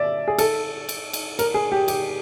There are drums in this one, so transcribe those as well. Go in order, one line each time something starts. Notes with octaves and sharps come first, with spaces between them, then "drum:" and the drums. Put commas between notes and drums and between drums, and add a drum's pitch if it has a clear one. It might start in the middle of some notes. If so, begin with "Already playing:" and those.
Already playing: D5 E5
G#4
A4, drum: cymbal
drum: cymbal
drum: cymbal
A#4, drum: cymbal
G#4
G4
G4, drum: cymbal